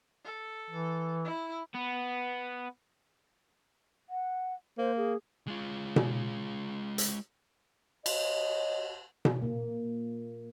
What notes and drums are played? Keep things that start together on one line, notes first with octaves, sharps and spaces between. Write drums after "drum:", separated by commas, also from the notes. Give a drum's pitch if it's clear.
A4
E3
E4
B3
F#5
A#3 C5
G#4
G#3 F4
drum: tom B2
drum: hi-hat
C#5 D#5, drum: cymbal
drum: tom B2
A#2 A#3